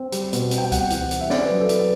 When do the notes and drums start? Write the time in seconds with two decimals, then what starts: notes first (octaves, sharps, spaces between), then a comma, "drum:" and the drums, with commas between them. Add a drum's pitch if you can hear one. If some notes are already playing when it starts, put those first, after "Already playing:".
Already playing: C4
0.12 G3, drum: hi-hat
0.33 B2, drum: hi-hat
0.51 C4, drum: hi-hat
0.58 G5
0.72 G3 F#5, drum: kick C#2, hi-hat
0.90 E3, drum: hi-hat
1.11 C4, drum: hi-hat
1.21 E5
1.30 C4 D5, drum: snare
1.45 F#3 B4
1.59 A4
1.69 E4 B4, drum: hi-hat